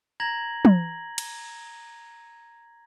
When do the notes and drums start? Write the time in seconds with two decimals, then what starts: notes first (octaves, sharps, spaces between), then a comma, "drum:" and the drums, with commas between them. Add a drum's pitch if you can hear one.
0.20 A#5 G#6 A#6 F#7
0.65 drum: tom
1.18 drum: cymbal